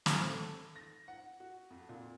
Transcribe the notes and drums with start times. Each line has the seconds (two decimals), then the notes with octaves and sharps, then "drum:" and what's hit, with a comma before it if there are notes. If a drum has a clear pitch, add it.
0.06 A1, drum: snare
0.28 A4
0.75 A#6
1.08 F#5
1.40 F#4
1.70 F2
1.89 A#2